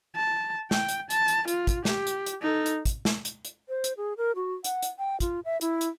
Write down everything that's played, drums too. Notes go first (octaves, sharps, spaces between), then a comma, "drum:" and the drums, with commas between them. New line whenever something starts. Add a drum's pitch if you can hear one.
A5
G5, drum: snare
drum: hi-hat
A5, drum: hi-hat
drum: hi-hat
F4, drum: hi-hat
drum: kick, hi-hat
G4, drum: snare
drum: hi-hat
drum: hi-hat
D#4 A4
drum: hi-hat
drum: kick, hi-hat
drum: snare
drum: hi-hat
drum: hi-hat
C5
drum: hi-hat
G#4
A#4
F#4
F#5, drum: hi-hat
drum: hi-hat
G5
F4, drum: kick, hi-hat
E5
E4, drum: hi-hat
drum: hi-hat